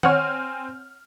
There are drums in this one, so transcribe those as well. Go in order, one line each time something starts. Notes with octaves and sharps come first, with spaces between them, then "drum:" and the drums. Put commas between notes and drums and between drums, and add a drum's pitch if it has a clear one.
C4 C#5 F#5 G#5 F6, drum: tom D#3